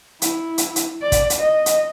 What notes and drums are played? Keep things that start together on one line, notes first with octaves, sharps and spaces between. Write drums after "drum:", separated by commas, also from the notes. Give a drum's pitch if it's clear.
E4, drum: hi-hat
drum: hi-hat
drum: hi-hat
D5
drum: kick, hi-hat
drum: hi-hat
D#5
drum: hi-hat